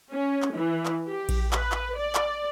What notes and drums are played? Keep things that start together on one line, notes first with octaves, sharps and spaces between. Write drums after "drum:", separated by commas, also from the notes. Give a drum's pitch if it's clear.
C#4
drum: clap
E3
drum: clap
G4
drum: kick A#1, cymbal
B4, drum: clap
drum: clap
D5
drum: clap